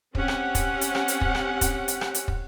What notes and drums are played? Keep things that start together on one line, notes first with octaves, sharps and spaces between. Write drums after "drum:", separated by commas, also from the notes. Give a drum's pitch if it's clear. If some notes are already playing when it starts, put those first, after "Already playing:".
C4 C#4 G4 F#5, drum: kick
drum: rim click
drum: kick, hi-hat
drum: hi-hat
drum: rim click
drum: hi-hat
drum: kick
drum: rim click
drum: kick, hi-hat
drum: hi-hat
drum: rim click
drum: hi-hat
drum: kick